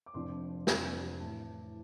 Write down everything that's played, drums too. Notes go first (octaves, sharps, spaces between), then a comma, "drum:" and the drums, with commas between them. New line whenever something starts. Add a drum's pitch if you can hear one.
D6
F1 F2 F3 D4 C6
F1 F2 F3 D4, drum: snare
A1 A2 A3 A5